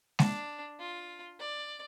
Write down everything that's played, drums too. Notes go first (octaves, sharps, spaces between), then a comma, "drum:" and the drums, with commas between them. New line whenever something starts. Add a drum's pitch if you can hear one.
D4, drum: snare G#3
F4
D5